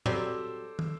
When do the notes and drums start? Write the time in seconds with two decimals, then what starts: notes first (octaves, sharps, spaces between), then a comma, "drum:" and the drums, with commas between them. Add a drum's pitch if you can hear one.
0.06 F#3 G3 C4 A4 C5 D6, drum: tom A2
0.79 drum: tom